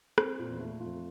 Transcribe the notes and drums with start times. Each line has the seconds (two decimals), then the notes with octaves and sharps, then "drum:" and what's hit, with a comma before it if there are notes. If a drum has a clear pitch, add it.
0.18 C4, drum: rim click
0.39 A#2
0.49 E2
0.60 A3
0.80 F2 F4